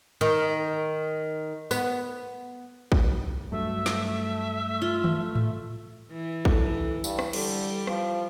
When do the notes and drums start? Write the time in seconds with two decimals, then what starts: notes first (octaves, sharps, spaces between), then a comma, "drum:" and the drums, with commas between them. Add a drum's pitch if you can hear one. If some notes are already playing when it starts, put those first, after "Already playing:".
0.21 D#3
1.71 B3, drum: tambourine
2.92 drum: kick
3.52 G2 F#3 A3 E5
3.86 drum: snare
4.82 F4
5.04 drum: tom D#3
5.35 drum: tom G#2
6.11 E3
6.45 A4, drum: kick
7.04 G2, drum: tambourine
7.19 drum: rim click
7.33 D3 G3, drum: cymbal
7.87 F3, drum: rim click